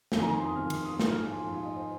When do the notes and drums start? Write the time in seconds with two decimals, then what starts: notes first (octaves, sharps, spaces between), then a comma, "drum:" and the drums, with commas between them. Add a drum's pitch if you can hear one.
0.12 F2 D#3 G#5, drum: snare
0.22 A#5
0.34 C6
0.44 D#6
0.56 F2 D#3 F6
0.70 F6, drum: cymbal
0.85 D#6
0.99 G#2 F3 D#6, drum: snare
1.11 F6
1.22 G#5
1.32 C6
1.43 G#2 F3 G#5
1.54 F5
1.65 D#5
1.76 C5